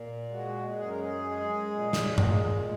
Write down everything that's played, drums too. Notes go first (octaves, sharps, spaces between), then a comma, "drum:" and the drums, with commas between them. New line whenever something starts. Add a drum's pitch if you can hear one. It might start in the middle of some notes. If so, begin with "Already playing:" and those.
Already playing: A#2
G#3 F#4
F#2 G#4
A#4
G#4
G#3
A#2
drum: snare
G#3, drum: tom G2